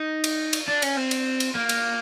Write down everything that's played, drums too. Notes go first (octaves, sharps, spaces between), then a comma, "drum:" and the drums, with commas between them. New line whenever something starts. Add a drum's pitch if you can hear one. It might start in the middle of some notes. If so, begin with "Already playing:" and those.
Already playing: D#4
drum: cymbal
drum: cymbal
D4
C#4, drum: cymbal
C4
drum: cymbal
drum: cymbal
A#3
drum: cymbal